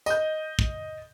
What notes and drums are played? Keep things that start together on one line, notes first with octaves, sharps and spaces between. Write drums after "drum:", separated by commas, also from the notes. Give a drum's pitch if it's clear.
D#5 G6, drum: tambourine
drum: kick